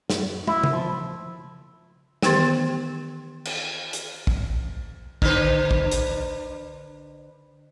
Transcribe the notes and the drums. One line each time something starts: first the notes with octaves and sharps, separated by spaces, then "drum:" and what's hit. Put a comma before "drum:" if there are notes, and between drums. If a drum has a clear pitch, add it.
F#2, drum: snare
E4, drum: tom
drum: tom
F3
D#3 E3 B3 G4 G5, drum: snare
drum: cymbal
drum: hi-hat
drum: kick
D3 B4 C5, drum: kick
drum: kick
drum: hi-hat